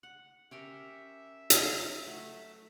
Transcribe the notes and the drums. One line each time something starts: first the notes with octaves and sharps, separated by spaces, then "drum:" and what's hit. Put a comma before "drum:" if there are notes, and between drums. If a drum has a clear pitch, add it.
F#5
C#4 G4 A#4 E5
drum: hi-hat
F#3 A3